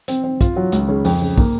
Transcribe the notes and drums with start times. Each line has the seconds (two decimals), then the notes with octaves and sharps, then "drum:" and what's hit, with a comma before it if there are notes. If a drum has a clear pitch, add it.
0.08 C4, drum: hi-hat
0.24 C4
0.41 F4, drum: kick, hi-hat
0.56 F#3
0.72 C#2, drum: hi-hat
0.88 C#3
1.05 F2, drum: open hi-hat
1.22 C#3
1.38 A#3, drum: kick